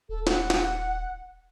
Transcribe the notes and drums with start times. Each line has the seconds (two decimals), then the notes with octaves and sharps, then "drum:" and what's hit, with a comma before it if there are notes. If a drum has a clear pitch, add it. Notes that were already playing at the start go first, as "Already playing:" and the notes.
0.09 D#1 A4
0.27 F#5, drum: snare
0.50 drum: snare